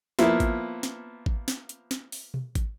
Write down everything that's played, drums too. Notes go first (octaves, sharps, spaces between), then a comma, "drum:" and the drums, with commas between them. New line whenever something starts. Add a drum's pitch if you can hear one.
F3 A#3 B3 E4, drum: snare
drum: kick G#1, hi-hat
drum: snare
drum: kick G#1
drum: snare
drum: hi-hat
drum: snare
drum: open hi-hat
drum: tom B2
drum: kick G#1, hi-hat